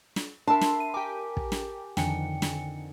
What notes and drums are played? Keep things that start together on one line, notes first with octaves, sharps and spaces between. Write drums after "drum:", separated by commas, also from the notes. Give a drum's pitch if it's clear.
drum: snare
D4 A#4 E5 A5 B5 C6
drum: snare
D#7
G4 A#4 G#5 D6
drum: kick
drum: snare
F2 D3 D#3 G5 G#5 C#7, drum: snare
drum: snare